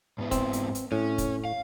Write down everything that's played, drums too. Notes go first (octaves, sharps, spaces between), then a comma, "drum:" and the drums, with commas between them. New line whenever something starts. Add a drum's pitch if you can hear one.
G#2 B3 E4
C4, drum: kick, hi-hat
drum: hi-hat
drum: hi-hat
A2 C#4
drum: kick, hi-hat
F5